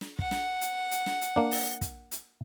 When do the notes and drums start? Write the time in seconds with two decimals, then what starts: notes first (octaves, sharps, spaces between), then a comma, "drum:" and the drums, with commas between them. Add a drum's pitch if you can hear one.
0.01 drum: snare
0.19 F#5, drum: kick
0.31 drum: snare
0.61 drum: hi-hat
0.91 drum: hi-hat
1.06 drum: snare
1.21 drum: hi-hat
1.36 A#3 D4
1.51 drum: open hi-hat
1.81 drum: kick, hi-hat
2.11 drum: hi-hat